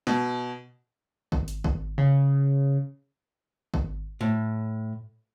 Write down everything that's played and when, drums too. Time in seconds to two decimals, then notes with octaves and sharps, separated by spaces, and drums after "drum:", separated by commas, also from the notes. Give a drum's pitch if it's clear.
0.07 B2, drum: snare
1.32 drum: kick G#1
1.48 drum: hi-hat
1.64 drum: kick G#1
1.98 C#3
3.74 drum: kick G#1
4.21 A2